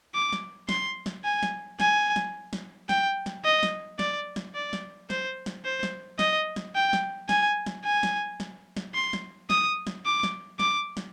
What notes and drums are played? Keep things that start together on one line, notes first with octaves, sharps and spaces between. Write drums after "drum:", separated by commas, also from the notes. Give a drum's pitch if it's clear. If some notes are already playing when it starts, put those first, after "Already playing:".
D6
drum: snare
C6, drum: snare
drum: snare
G#5
drum: snare
G#5, drum: snare
drum: snare
drum: snare
G5, drum: snare
drum: snare
D#5
drum: snare
D5, drum: snare
drum: snare
D5
drum: snare
C5, drum: snare
drum: snare
C5
drum: snare
D#5, drum: snare
drum: snare
G5
drum: snare
G#5, drum: snare
drum: snare
G#5
drum: snare
drum: snare
drum: snare
C6
drum: snare
D#6, drum: snare
drum: snare
D6
drum: snare
D6, drum: snare
drum: snare